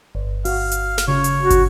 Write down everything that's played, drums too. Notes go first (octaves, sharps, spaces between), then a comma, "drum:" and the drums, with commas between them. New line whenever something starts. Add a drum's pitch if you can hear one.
G1
F#4 F5, drum: open hi-hat
drum: hi-hat
drum: snare
C#3 C#5
drum: hi-hat
F#4
drum: kick, hi-hat